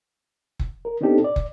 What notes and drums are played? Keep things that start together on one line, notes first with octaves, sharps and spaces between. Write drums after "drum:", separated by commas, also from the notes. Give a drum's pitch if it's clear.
drum: kick
A#4
B3 C4 D4 D#4 G4 A4
D5
drum: kick